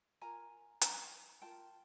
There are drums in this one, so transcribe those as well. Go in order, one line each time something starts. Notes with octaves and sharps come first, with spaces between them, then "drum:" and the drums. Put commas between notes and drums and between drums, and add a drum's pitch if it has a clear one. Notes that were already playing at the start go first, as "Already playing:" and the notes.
F4 A#4 G#5 A#5
G#5 A#5, drum: hi-hat
F4 A#4 G5 A5